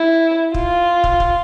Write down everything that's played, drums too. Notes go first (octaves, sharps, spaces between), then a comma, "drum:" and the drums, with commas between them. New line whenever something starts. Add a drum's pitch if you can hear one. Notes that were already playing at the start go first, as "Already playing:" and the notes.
Already playing: E4
F4, drum: kick
drum: kick
drum: kick